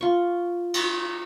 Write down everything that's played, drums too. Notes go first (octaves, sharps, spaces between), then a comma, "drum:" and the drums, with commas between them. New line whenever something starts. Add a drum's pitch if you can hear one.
F4 C#6
drum: cymbal